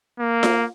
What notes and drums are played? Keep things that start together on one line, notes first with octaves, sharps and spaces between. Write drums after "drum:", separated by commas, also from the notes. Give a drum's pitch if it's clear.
A#3
drum: snare F4